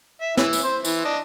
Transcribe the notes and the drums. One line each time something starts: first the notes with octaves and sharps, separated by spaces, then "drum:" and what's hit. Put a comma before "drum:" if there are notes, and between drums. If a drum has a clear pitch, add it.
E5
E3 E6, drum: snare
drum: tambourine
C5
E3, drum: tambourine
D4 D#5